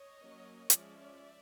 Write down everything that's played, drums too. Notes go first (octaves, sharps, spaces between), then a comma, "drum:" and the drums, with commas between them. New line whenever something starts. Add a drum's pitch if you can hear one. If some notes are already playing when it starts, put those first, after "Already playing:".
Already playing: C#5 D#5
F#3 A#3 C#4
F3 G#3 C#4 D5 E5, drum: hi-hat